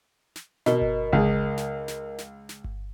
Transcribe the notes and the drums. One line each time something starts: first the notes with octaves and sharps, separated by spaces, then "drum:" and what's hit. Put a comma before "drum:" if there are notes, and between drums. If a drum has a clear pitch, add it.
drum: snare
B2 A#4 D#5, drum: snare
drum: kick G1
C#2 G#4, drum: kick G1
drum: snare
drum: snare
drum: snare
drum: snare
drum: kick G1